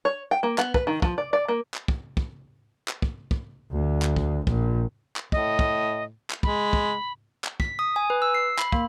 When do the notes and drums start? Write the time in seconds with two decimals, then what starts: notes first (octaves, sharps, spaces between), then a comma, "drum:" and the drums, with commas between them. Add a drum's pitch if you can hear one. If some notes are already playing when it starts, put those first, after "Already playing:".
0.05 C#5
0.31 G5
0.43 A#3
0.58 B3, drum: clap
0.74 B4, drum: kick
0.87 D#3
1.02 F3, drum: kick
1.18 D5
1.33 D5
1.48 A#3
1.74 drum: clap
1.88 drum: kick
2.17 drum: kick
2.88 drum: clap
3.02 drum: kick
3.31 drum: kick
3.72 D2
4.02 drum: clap
4.16 drum: kick
4.47 A#1, drum: kick
5.16 drum: clap
5.32 A2 D#5, drum: kick
5.59 drum: kick
6.30 drum: clap
6.43 G#3 B5, drum: kick
6.73 drum: kick
7.44 drum: clap
7.60 B6, drum: kick
7.79 D#6
7.96 G#5
8.10 B4
8.22 E6
8.34 C7
8.59 B5, drum: clap
8.72 A#3, drum: kick